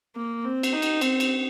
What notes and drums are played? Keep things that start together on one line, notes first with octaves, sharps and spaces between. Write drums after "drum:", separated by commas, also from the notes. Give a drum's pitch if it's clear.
A#3
C4
drum: cymbal
D#4
drum: cymbal
C4, drum: cymbal
drum: cymbal